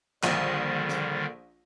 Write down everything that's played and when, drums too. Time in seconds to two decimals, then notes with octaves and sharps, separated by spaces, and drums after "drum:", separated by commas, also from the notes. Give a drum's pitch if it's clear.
0.23 A#1 D3 D#3 G3, drum: clap
0.89 drum: snare